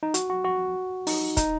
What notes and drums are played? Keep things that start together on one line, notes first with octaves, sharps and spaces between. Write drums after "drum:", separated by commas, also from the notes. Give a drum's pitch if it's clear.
D#4
F#4, drum: hi-hat
F#4
F#4
D#4, drum: open hi-hat
D#4, drum: kick, hi-hat